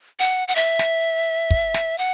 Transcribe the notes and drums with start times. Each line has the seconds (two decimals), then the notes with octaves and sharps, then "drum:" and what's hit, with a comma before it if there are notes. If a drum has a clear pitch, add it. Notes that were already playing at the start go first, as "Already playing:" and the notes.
0.20 F#5
0.48 F#5
0.55 E5
0.79 drum: snare
1.51 drum: kick
1.74 drum: snare
1.98 F#5